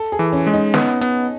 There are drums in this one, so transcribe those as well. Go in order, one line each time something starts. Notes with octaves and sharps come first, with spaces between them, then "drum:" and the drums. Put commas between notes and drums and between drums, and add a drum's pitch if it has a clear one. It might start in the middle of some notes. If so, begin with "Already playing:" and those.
Already playing: A4
G#4
E3
C#4
G#3
D#4
B3, drum: snare
B3, drum: hi-hat